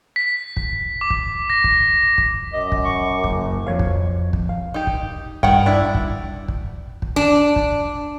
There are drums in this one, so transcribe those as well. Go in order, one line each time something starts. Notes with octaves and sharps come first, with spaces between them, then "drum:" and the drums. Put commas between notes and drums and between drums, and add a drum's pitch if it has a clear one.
B6
drum: kick
D6
drum: kick
A#6
drum: kick
drum: kick
F#2 D#5 D6
drum: kick
C#6
F#1, drum: kick
F2 C#5 F5
drum: kick
drum: kick
F5
D#4 G4
drum: kick
G2 D#3 F#5 G5, drum: kick
D4 E4
drum: kick
drum: kick
drum: kick
D4
drum: kick